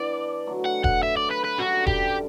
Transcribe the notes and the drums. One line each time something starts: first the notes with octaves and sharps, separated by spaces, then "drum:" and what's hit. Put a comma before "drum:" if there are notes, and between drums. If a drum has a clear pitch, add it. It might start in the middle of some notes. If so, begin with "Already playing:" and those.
Already playing: E3 B3 D4 D5
D3 F#3 A3
F#5
F#5, drum: kick E1
E5
D5
B4
B4
F#2 D3 G3 F#4
G4, drum: kick E1